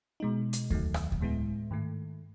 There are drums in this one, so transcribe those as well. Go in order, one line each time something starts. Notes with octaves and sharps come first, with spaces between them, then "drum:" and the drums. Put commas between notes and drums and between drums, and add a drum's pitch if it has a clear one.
B2 G#3 D#4
drum: hi-hat
E2 D#3 F#3 A3, drum: kick D2
drum: rim click
drum: kick D2
A2 G#3 B3 E4
G#2 D#3 A3